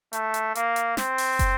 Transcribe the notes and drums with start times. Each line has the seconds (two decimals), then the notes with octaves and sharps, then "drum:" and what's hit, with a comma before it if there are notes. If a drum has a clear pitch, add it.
0.13 A3, drum: hi-hat
0.34 drum: hi-hat
0.55 A#3, drum: hi-hat
0.76 drum: hi-hat
0.97 C4, drum: snare
1.18 drum: open hi-hat
1.39 drum: kick, hi-hat